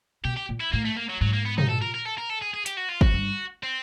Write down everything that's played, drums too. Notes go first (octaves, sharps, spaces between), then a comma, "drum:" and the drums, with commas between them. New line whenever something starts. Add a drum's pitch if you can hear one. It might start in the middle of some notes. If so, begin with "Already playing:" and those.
B2 G4
G4
A#2
E4
A2 A#3
A3
A#3
F#3
G#2 F#3
A#3
B3
D#4, drum: tom
A4
A#4
A#4
A4
A#4
A4
G#4
G#4
G4, drum: hi-hat
F#4
F4
F#4, drum: kick
G2
C4